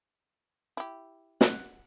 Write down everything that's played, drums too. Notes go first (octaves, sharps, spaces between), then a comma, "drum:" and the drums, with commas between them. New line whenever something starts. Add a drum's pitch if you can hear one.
E4 G4
F#5, drum: snare